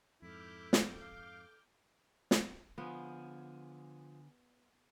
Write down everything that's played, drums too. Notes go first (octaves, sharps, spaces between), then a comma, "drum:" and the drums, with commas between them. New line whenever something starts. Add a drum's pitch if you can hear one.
F2 G#2 E4 A4 D6 F6 G6
drum: snare
F5
drum: snare
D3 F3 B3 G#4